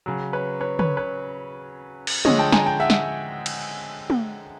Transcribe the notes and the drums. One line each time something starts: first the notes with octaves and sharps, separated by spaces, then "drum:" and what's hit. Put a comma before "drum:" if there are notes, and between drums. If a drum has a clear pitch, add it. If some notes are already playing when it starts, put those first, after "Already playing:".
C#3 F#3
B4 C#5
B4 C#5
B4 C#5, drum: tom
B4 C#5
drum: cymbal
D3 F3 G#3 C#5 D#5, drum: tom
G5 A5
G#5 A#5, drum: snare
G5 A5
E5 F#5
drum: snare
drum: cymbal
drum: tom